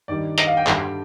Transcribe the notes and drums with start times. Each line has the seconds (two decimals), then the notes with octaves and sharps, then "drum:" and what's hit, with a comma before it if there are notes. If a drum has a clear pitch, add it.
0.08 G2 D#3 G3 D5
0.38 D#5, drum: hi-hat
0.47 F5
0.57 G5
0.67 G2 D3 G3, drum: clap